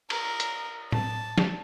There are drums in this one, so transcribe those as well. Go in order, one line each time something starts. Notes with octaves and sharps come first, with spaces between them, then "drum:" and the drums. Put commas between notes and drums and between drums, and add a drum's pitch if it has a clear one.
A#4, drum: cymbal
drum: hi-hat
A5, drum: tom A2
drum: snare